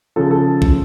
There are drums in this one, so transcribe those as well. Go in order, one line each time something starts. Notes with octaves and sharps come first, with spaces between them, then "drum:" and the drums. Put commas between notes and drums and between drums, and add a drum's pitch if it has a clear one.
C#3 F3 A4
A4
drum: kick